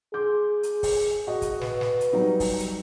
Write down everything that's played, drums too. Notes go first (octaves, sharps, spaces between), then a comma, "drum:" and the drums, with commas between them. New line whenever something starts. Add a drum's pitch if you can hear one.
G#4 C6 D6 G6
drum: hi-hat
drum: kick, open hi-hat
F#4 D#5
drum: kick, hi-hat
B4, drum: snare
drum: snare
drum: hi-hat
F#3 G3 D#4
drum: kick, open hi-hat
drum: hi-hat